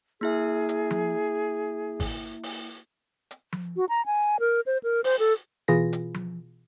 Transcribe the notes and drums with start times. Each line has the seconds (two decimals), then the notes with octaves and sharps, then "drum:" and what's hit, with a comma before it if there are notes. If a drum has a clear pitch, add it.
0.21 A#3 E4 G#4 E5
0.69 drum: hi-hat
0.91 drum: tom F3
2.00 drum: kick G#1, open hi-hat
2.43 drum: open hi-hat
3.31 drum: hi-hat
3.53 drum: tom F3
3.76 F#4
3.89 A#5
4.06 G#5
4.40 A#4
4.66 C5
4.83 A#4
5.04 C5, drum: open hi-hat
5.19 A4
5.68 B2 E3 F4 G#4 B4 A#6
5.93 drum: hi-hat
6.14 drum: tom F3